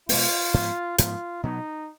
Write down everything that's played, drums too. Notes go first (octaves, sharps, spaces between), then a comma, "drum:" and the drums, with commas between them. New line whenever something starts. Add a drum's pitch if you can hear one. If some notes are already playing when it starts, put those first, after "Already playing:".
B2 G#3 B3 F4, drum: open hi-hat
G#2 F3 B3
G#2 F3 B3 F4, drum: hi-hat
B2 F#3 B3 D#4